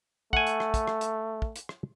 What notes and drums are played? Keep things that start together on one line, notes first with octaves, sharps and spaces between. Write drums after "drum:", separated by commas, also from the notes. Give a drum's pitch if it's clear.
A3 F#5 G#5, drum: kick
drum: hi-hat
drum: rim click
drum: kick, hi-hat
drum: rim click
drum: hi-hat
drum: kick
drum: hi-hat
drum: rim click